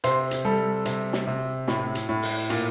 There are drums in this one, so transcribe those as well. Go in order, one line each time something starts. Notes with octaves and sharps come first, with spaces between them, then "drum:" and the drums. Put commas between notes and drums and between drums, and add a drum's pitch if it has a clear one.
C3 C5, drum: hi-hat
drum: hi-hat
G3 A4
C3, drum: hi-hat
drum: snare
C3
A2, drum: snare
drum: hi-hat
A2
drum: open hi-hat
A#2, drum: hi-hat